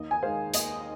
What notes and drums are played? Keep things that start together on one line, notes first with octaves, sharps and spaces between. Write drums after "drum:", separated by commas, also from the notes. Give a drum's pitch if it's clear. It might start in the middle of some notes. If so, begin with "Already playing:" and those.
Already playing: D#2 D#5
G#5
D#3 G#3 C5 F5
D#2 D#5, drum: hi-hat